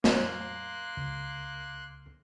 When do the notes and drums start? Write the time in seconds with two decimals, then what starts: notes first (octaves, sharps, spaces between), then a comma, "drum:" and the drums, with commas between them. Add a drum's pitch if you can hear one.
0.04 A#3 C6 F#6, drum: snare
0.97 C#2